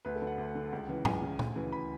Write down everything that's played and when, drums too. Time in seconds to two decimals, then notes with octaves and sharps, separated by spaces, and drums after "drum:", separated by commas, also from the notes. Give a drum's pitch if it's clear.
0.05 D2 B4
0.16 A4
0.22 D3
0.27 F#5
0.38 D2
0.55 D3
0.72 C#2
0.89 C#3 E3
1.05 C#2 G#5, drum: tom
1.22 C#3 E3
1.39 D2, drum: tom
1.56 C#3 E3
1.72 B5